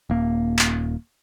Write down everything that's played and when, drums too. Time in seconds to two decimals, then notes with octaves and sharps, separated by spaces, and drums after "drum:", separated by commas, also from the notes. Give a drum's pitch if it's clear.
0.10 D#1 A#3
0.59 drum: clap